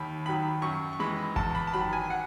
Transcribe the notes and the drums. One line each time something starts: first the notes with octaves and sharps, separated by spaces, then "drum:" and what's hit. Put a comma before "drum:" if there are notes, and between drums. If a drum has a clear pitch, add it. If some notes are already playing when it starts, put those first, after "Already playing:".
Already playing: D#2 B5
D#3 F#3 B5
F#2 C#6
C#6
E3 G#3 B5
E2 A5, drum: kick G1
B5
A5
D#3 F#3 B5
G#5
F#5